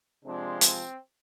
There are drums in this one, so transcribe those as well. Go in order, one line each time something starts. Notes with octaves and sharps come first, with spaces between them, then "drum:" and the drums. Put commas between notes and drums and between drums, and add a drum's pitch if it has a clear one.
C3 F3 G#3 C4 D4
C4, drum: hi-hat